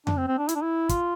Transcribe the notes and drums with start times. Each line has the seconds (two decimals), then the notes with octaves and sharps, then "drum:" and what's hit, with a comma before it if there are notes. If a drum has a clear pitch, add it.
0.07 D4, drum: tom F2
0.17 C4
0.28 C4
0.38 D4
0.49 E4, drum: hi-hat
0.55 D4
0.63 E4
0.89 F4, drum: kick, hi-hat